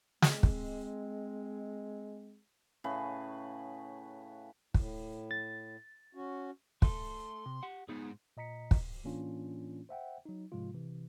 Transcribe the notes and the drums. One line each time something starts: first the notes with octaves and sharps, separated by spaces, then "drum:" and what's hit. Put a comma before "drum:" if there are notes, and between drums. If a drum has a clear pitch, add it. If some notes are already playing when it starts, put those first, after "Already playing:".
G#3 C4, drum: snare
drum: kick
A2 C#3 B4
A2, drum: kick
A6
C#4 F#4
A3 A4 C6, drum: kick
C3
G4 F#5
G#2 B3 D#4 G#4
A#2 D#5 A#5 B6 C#7
drum: kick
A2 E3 A#3 C#4 D4 F4
C5 E5 F#5 G5
F#3 D#4
G#2 C3 F3 G#3 F4
C3 E3